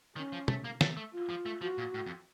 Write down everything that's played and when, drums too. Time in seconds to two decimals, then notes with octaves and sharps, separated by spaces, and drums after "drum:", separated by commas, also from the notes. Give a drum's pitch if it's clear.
0.16 D#3 C#4
0.33 F3
0.48 A3, drum: tom
0.65 A#3
0.81 A3, drum: snare
0.97 A3
1.14 F4
1.29 F3
1.46 A3
1.61 F3 F#4
1.78 A#2
1.94 A2
2.06 F2